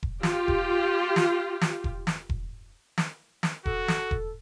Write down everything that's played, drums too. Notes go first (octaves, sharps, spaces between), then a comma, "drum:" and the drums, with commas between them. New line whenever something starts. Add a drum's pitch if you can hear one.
drum: kick E1
F4 G4, drum: snare
drum: kick E1
drum: snare
drum: snare
drum: kick E1
drum: snare
drum: kick E1
drum: snare
drum: snare
F#4 A4, drum: kick E1
drum: snare
drum: kick E1